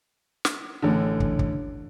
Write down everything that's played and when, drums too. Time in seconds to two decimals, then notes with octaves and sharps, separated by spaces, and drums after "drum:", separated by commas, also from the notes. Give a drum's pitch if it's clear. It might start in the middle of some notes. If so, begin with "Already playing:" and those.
0.45 drum: snare
0.82 A1 D3
1.20 drum: kick
1.39 drum: kick